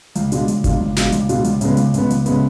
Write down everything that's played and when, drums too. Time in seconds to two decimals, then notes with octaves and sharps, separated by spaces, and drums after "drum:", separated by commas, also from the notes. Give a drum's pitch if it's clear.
0.15 C#2, drum: hi-hat
0.32 B2 G#3 D4 F4, drum: hi-hat
0.48 C#2, drum: hi-hat
0.64 B2 G#3 D4 F4, drum: kick G1, hi-hat
0.80 C#2
0.96 B2 G#3 D4 F4, drum: snare
1.12 C#2, drum: hi-hat
1.29 B2 G#3 D4 F4, drum: hi-hat
1.44 C#2, drum: hi-hat
1.61 C#3 G#3 B3, drum: hi-hat
1.77 C#2, drum: hi-hat
1.94 C#3 G#3 B3, drum: hi-hat
2.10 C#2, drum: hi-hat
2.26 C#3 G#3 B3, drum: hi-hat